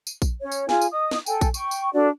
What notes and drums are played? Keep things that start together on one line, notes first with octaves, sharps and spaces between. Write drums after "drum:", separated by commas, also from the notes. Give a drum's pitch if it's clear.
drum: tambourine
drum: kick A#1, tambourine
C#4 C#5
drum: tambourine
F4 G#4 G#5, drum: snare
drum: tambourine
D#5 D#6
drum: snare
A4 G5 G#5, drum: tambourine
drum: kick A#1, tambourine
G5 C#6, drum: tambourine
drum: tambourine
D4 F#4 A4 D5